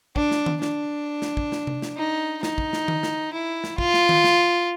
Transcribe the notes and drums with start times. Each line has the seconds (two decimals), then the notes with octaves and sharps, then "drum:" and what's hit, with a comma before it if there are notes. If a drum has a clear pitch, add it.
0.16 D4, drum: kick
0.31 drum: snare
0.46 drum: tom D#3
0.62 D4, drum: snare
1.22 drum: snare
1.37 drum: kick
1.52 drum: snare
1.67 drum: tom C3
1.82 drum: snare
1.97 D#4
2.43 D#4, drum: snare
2.58 drum: kick
2.73 drum: snare
2.88 drum: tom D#3
3.03 drum: snare
3.33 E4
3.64 drum: snare
3.78 F4, drum: kick
3.94 drum: snare
4.09 drum: tom D#3
4.24 drum: snare